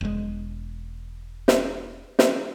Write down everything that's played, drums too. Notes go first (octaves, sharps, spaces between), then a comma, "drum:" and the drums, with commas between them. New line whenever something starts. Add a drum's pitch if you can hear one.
E1 G#3
drum: snare
drum: snare